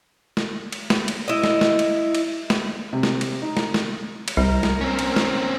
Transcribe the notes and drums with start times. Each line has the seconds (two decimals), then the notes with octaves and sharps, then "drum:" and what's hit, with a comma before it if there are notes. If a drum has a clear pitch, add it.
0.37 drum: snare
0.72 drum: cymbal
0.90 drum: snare
1.08 drum: cymbal
1.28 E4 D#5
1.44 drum: snare
1.61 drum: snare
1.79 drum: cymbal
2.15 drum: cymbal
2.50 drum: snare
2.93 C3
3.03 drum: snare
3.21 drum: cymbal
3.42 D#4
3.57 drum: snare
3.74 drum: snare
4.28 drum: cymbal
4.37 C2 G3 A#4
4.63 drum: snare
4.81 C4 C#4
4.99 drum: cymbal
5.16 drum: snare